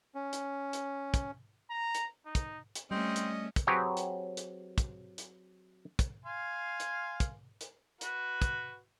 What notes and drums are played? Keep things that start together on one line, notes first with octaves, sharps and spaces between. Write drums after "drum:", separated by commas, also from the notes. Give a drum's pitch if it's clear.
C#4
drum: hi-hat
drum: hi-hat
drum: kick, hi-hat
A#5
drum: hi-hat
D#4
drum: kick, hi-hat
drum: hi-hat
G3 A3 C4 C#4 D#5
drum: hi-hat
drum: kick, hi-hat
F#3 C4 G4 G#4 B4 C#5
drum: hi-hat
drum: hi-hat
drum: kick, hi-hat
drum: hi-hat
drum: kick, hi-hat
F5 G#5 C6
drum: hi-hat
drum: kick, hi-hat
drum: hi-hat
F#4 B4, drum: hi-hat
drum: kick, hi-hat